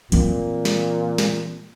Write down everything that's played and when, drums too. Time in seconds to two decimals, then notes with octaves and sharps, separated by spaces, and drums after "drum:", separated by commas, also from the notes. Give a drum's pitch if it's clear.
0.12 A#2 E3 C4, drum: hi-hat
0.65 drum: snare
1.18 drum: snare